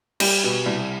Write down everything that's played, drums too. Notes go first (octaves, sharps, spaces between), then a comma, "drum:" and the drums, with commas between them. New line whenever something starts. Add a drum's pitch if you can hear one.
G3 G4, drum: cymbal
B2
C2